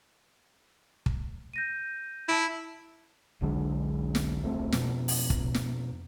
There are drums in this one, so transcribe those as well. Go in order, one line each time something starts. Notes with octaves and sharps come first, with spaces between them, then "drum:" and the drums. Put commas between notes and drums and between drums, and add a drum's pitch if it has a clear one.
drum: kick
G6 A#6 D#7
E4 A5 D7
E1 B1 D3 G#3
drum: snare
D#1 C2 A3 C4
F2 B2, drum: snare
drum: open hi-hat
drum: kick
drum: snare